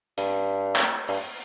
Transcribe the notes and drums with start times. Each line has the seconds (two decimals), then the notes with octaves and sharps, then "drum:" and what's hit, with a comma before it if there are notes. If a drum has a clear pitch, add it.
0.18 G2, drum: hi-hat
0.75 drum: clap
1.08 G2, drum: open hi-hat